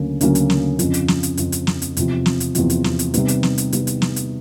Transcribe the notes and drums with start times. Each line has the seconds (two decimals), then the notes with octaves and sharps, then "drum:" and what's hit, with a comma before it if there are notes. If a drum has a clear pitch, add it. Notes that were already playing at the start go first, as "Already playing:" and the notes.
Already playing: D2 C#3 F#3 A#3 C#4
0.21 D2 C#3 F#3 A#3 C#4, drum: hi-hat
0.35 drum: hi-hat
0.50 drum: snare
0.79 F2 C#3 F3, drum: hi-hat
0.94 drum: hi-hat
1.08 drum: snare
1.23 drum: hi-hat
1.37 F2 C#3 F3, drum: hi-hat
1.52 drum: hi-hat
1.67 drum: snare
1.82 drum: hi-hat
1.97 E2 C3 F3, drum: hi-hat
2.26 drum: snare
2.40 drum: hi-hat
2.55 E2 C3 F3, drum: hi-hat
2.70 drum: hi-hat
2.84 drum: snare
2.99 drum: hi-hat
3.14 C3 D#3 G3 B3, drum: hi-hat
3.28 drum: hi-hat
3.43 drum: snare
3.58 drum: hi-hat
3.73 C3 D#3 G3 B3, drum: hi-hat
3.87 drum: hi-hat
4.02 drum: snare
4.16 drum: hi-hat